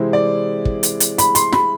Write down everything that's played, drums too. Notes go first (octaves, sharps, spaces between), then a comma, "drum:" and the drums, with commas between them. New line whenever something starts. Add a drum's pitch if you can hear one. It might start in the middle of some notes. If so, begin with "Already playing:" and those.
Already playing: C3 E3 G#3 C4 E4
D5
drum: kick
drum: hi-hat
drum: hi-hat
B5, drum: hi-hat
C6, drum: hi-hat
B5, drum: snare